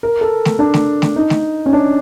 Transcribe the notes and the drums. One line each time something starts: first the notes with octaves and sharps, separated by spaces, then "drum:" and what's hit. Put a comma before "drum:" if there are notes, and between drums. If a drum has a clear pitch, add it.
A#4
A4
drum: snare A3
D4
drum: snare A3
drum: snare A3
D#4
drum: snare A3
C#4
D4